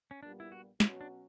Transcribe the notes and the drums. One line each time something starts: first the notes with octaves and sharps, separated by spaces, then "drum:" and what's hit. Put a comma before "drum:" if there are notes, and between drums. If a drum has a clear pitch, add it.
C#4
A#1 A#2 G3 B3 D4
E4
F#4
B2 F#3 C#4 E4 F#4, drum: snare
D4